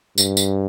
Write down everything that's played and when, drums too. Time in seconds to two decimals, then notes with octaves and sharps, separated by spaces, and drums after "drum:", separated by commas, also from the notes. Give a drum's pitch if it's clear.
0.18 G2, drum: tambourine
0.37 drum: tambourine